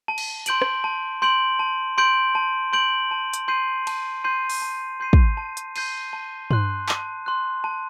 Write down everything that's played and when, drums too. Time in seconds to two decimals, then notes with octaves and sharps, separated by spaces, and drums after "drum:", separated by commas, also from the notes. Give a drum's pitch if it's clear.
0.08 A5
0.18 drum: cymbal
0.46 C6 G6 D7 F#7, drum: hi-hat
0.62 drum: rim click
0.84 A5
1.22 C6 G6 D7 F#7
1.59 A5
1.98 C6 G6 D7 F#7
2.35 A5
2.73 C6 G6 D7 F#7
3.11 A5
3.33 drum: hi-hat
3.48 C6 G6 C7 D#7
3.87 A5, drum: cymbal
4.24 C6 G6 C7 D#7
4.50 drum: open hi-hat
4.62 A5
5.00 C6 G6 C7 D#7
5.13 drum: kick
5.37 A5
5.57 drum: hi-hat
5.76 C6 G6 C7 D#7, drum: cymbal
6.13 A5
6.51 C6 F#6, drum: tom G2
6.89 A5, drum: clap
7.26 C6 F#6
7.64 A5